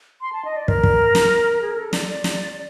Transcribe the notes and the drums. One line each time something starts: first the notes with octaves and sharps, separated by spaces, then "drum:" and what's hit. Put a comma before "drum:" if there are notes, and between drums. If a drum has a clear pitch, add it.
C6
A5
D#5
D5
A#4, drum: kick
drum: kick
drum: snare
G#4
A#4
A4
D5, drum: snare
D5
drum: snare